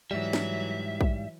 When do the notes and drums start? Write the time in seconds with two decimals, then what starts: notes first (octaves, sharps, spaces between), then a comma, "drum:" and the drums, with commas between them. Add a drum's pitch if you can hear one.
0.11 G#2 E3 F#3 G3 E5
0.33 drum: snare
1.01 drum: kick A#1